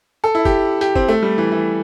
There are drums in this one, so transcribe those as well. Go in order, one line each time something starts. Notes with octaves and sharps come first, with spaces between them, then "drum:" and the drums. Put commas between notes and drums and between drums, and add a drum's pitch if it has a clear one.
A4
E4
G4, drum: kick
G4, drum: hi-hat
C4, drum: kick
A3
G3
E3
E3